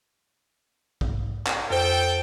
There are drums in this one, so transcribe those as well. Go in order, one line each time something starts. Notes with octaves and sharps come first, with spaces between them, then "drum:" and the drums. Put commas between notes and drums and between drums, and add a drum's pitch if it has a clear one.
drum: kick A#1
drum: clap
F2 A4 C5 G5